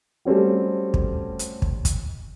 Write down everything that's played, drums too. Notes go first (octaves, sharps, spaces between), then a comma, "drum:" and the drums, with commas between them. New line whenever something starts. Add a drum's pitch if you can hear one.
G3 A3 C4 C#4 F#4
drum: kick
drum: hi-hat
drum: kick
drum: kick, hi-hat